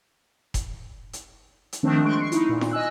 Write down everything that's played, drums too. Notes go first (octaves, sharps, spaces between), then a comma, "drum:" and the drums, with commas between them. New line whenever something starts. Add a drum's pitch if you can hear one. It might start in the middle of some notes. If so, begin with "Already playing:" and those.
drum: kick F1, hi-hat
drum: hi-hat
drum: hi-hat
D#3 F3 A3 C4 D4
G#3 A3 C6 C#6 F#6 D7
C#6 C7 C#7
D#4 E4, drum: hi-hat
A#2
drum: snare F4
D#5 G#5 E6 F#6